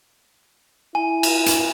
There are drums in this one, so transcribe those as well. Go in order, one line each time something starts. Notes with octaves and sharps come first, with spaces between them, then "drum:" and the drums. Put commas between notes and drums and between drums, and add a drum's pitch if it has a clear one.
E4 G#5
drum: cymbal
drum: hi-hat